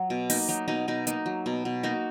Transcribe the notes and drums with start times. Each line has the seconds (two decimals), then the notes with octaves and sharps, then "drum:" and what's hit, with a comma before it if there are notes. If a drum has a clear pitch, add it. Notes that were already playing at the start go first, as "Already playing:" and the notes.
Already playing: F#3
0.10 B2
0.30 A#3 D#4, drum: open hi-hat
0.49 F#3 D#4
0.68 B2 D#4
0.88 B2 D#4
1.07 A#3 D#4, drum: hi-hat
1.26 F#3
1.46 B2
1.65 B2
1.83 A#3 D#4 F#4